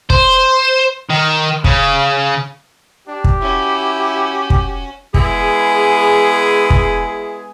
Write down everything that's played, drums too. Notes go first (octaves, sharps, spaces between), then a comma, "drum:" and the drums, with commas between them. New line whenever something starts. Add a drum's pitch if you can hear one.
C5, drum: kick
D#3
C#3, drum: kick
D4 G4
drum: kick
C#4 E4 F#4
drum: kick
G#3 B3 E4 G#4, drum: kick
drum: kick